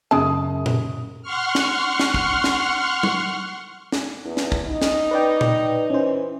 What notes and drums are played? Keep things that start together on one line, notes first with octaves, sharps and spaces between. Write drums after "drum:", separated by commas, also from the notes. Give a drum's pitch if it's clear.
F#2 C#3 G#3 A5 D#6
drum: tom A#2
F#5 C6 C#6 F6
drum: snare
drum: snare
drum: kick
drum: snare
drum: tom
drum: snare
E2
drum: snare
drum: kick
D#4
drum: snare
B4 D5 G5
drum: tom A#2
E3 C#4 C5